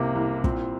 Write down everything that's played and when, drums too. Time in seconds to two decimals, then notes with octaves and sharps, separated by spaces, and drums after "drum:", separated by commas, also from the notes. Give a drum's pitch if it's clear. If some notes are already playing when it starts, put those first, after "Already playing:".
Already playing: C2 C3 A#3
0.15 C2
0.44 A#2 C4, drum: kick